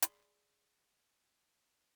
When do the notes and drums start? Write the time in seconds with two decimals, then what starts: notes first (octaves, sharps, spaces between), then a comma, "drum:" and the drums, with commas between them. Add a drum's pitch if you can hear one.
0.02 G#4 D5 B5 C6, drum: hi-hat